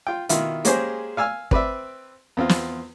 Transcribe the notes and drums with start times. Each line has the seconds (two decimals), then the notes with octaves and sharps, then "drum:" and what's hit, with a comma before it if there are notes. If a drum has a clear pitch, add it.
0.07 F4 G5
0.29 B2 D#3 E4 F4, drum: hi-hat
0.65 G#3 A#3 C#4 G4 G#4 C5, drum: hi-hat
1.17 F5 G#5 E6 F6
1.51 C4 B4 D5 E5, drum: kick
2.37 E2 C4 F4
2.49 drum: snare